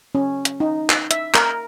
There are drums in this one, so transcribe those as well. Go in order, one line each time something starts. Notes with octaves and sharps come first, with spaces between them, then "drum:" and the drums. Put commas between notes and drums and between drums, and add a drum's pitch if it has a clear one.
C#4
drum: hi-hat
D#4
drum: clap
E5, drum: hi-hat
A#4, drum: clap